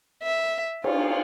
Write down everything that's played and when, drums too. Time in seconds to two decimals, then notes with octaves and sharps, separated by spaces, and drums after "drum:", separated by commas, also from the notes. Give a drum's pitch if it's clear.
0.23 E5
0.84 F4, drum: cymbal